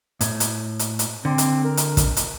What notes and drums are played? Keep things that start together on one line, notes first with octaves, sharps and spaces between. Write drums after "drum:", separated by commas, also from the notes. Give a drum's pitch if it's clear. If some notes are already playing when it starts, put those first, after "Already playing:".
A2, drum: hi-hat
drum: hi-hat
drum: hi-hat
drum: hi-hat
D3 C4
drum: hi-hat
A#4
drum: hi-hat
drum: kick, hi-hat
drum: hi-hat